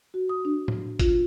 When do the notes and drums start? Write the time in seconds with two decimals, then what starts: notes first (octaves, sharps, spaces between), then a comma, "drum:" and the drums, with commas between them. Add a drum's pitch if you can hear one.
0.14 F#4
0.29 D#6
0.45 D4
0.68 drum: tom A2
0.99 F4, drum: kick G#1, hi-hat